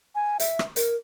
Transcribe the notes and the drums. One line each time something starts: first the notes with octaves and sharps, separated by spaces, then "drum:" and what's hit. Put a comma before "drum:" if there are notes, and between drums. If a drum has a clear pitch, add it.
G#5
E5, drum: hi-hat
drum: rim click
A#4, drum: hi-hat